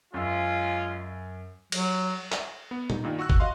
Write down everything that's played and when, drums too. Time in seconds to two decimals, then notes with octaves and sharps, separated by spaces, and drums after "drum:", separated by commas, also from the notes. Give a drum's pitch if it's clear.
0.14 F#2 G#3 C#4 F4 G#5 E6
1.72 F#3, drum: cymbal
2.32 drum: clap
2.71 B3
2.90 D#4, drum: tom
3.04 G2 A#2 D#3
3.19 F#4 C#6 E6 F#6
3.30 drum: kick
3.40 F#4 D#5 F5 C6